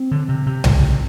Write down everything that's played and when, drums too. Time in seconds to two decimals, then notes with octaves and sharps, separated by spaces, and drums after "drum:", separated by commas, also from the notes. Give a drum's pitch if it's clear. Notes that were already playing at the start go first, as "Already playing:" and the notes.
Already playing: C4
0.11 D3
0.29 C3
0.46 C3
0.64 C#2, drum: tom B1
0.82 C3